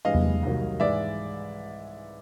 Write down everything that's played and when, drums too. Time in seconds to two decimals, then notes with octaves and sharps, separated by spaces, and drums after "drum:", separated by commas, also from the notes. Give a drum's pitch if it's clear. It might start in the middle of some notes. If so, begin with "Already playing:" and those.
0.05 G2 E3 G#3 D#5 F5
0.15 drum: tom E2
0.43 C2 C3 D#3 F#3
0.80 G#2 E3 G#3 D5 E5